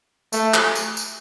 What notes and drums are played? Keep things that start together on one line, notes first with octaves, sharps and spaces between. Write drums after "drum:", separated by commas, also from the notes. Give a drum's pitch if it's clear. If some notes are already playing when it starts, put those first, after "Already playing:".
A3, drum: tambourine
drum: clap
drum: tambourine
drum: tambourine